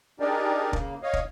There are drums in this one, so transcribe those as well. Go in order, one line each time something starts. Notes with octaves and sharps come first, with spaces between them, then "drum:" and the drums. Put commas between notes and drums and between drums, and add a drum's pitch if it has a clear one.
D4 D#4 G4 G#4 A#4 D5
C#3 A#3, drum: kick
C#5 D#5 F5
drum: kick